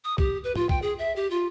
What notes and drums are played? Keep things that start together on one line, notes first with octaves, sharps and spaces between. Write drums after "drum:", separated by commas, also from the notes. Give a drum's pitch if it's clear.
D#6
G4, drum: kick C2
B4
F4, drum: tom
G5, drum: kick C2
G#4
E5
G4
F4